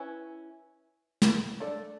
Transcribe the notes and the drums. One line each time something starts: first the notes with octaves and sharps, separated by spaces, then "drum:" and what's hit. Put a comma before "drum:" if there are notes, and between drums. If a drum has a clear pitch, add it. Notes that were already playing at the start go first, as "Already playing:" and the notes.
Already playing: C#4 E4 B4
drum: snare
A3 D4 A4 D5